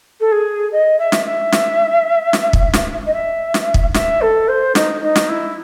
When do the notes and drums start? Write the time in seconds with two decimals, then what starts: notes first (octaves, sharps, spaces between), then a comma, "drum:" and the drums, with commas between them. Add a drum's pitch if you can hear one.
0.20 A4
0.32 G#4
0.72 D#5
0.99 E5
1.12 drum: snare
1.25 E5
1.52 drum: snare
2.33 drum: snare
2.53 drum: kick
2.73 drum: snare
3.06 D#5
3.13 E5
3.54 drum: snare
3.74 drum: kick
3.94 E5, drum: snare
4.21 A4
4.48 C5
4.75 D#4, drum: snare
5.02 D#4
5.16 drum: snare
5.29 E4